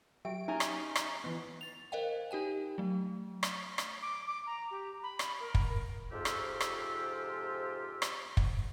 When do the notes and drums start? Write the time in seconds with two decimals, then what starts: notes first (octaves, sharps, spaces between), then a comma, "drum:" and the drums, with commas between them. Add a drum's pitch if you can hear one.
0.25 F#3 G4 E5 G5 D7
0.48 C#4 D#4 E4 E5 G#5 A#5
0.60 drum: rim click
0.95 drum: rim click
1.24 E3 B3
1.61 A6 F7
1.92 A#4 C5 D#5 F5 G5
2.31 D#4 G4 G5 G#5
2.78 F#3 A3
3.43 drum: rim click
3.78 drum: rim click
4.02 D6
4.27 D6
4.46 A#5
4.71 G4
5.03 B5
5.19 drum: rim click
5.40 A#4
5.55 drum: kick
6.12 F2 G#2 C3 F4 G4 E6
6.25 drum: rim click
6.60 drum: rim click
8.02 drum: rim click
8.37 drum: kick